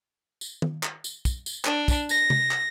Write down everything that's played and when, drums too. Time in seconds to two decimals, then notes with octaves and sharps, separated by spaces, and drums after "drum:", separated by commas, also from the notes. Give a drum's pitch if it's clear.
0.41 drum: tambourine
0.62 drum: tom
0.83 drum: clap
1.04 drum: tambourine
1.25 drum: kick, tambourine
1.46 drum: tambourine
1.65 D4, drum: clap
1.88 drum: kick, tambourine
2.09 A#6, drum: tambourine
2.30 drum: tom C3
2.51 drum: clap